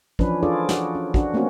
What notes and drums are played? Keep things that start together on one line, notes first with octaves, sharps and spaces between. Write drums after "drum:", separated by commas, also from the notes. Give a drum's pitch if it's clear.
E3 F3 C#4 D4 B4, drum: kick
D4 F4 G#4 A4 C#5 D5
F#4, drum: snare
C#4
D4 F#4, drum: kick
A3 A#3 C4 C#4 F#4